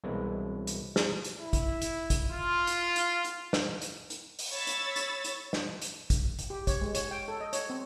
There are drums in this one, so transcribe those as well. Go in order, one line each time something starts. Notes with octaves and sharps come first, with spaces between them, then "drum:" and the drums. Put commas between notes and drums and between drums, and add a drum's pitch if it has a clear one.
C2 B2 E3 F#3 G#3 A#5
drum: hi-hat
drum: snare
drum: hi-hat
E4
drum: kick, hi-hat
drum: hi-hat
drum: kick, hi-hat
F4
drum: hi-hat
drum: hi-hat
drum: hi-hat
drum: snare
drum: hi-hat
drum: hi-hat
drum: open hi-hat
C#5 B5 E6 A6
drum: hi-hat
drum: hi-hat
drum: hi-hat
drum: snare
drum: hi-hat
drum: kick, hi-hat
drum: hi-hat
G4
C#5, drum: kick, hi-hat
G#3
C#5, drum: hi-hat
G5
A4
D#5
C#5, drum: hi-hat
C4